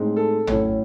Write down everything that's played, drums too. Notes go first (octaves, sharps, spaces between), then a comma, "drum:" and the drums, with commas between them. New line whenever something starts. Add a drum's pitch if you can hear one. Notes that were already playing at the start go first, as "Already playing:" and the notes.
Already playing: A2 G#3 C4 D#4
A4
A2 F#3 C#4 E4, drum: tom